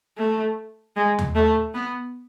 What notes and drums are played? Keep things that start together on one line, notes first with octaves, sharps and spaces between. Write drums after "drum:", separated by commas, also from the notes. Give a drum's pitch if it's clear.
A3
G#3
drum: tom
A3
B3